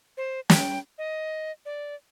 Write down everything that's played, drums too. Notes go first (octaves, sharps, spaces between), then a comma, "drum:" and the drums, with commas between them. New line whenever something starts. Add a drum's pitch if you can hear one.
C5
G5, drum: snare
D#5
D5